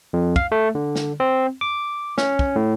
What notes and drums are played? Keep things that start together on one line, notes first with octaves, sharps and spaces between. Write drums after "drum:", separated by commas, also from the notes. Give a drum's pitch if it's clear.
F2
F5, drum: kick
A3
D3
drum: snare
C4
D6
C#4, drum: snare
drum: kick
A2